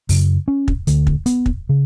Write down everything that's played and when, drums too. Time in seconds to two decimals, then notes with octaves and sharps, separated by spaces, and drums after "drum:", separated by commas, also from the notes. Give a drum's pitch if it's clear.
0.09 F#2 C#3, drum: open hi-hat
0.48 C#4
0.68 drum: kick
0.87 D2 D3, drum: hi-hat
1.07 drum: kick
1.26 B3, drum: hi-hat
1.46 drum: kick
1.69 C#3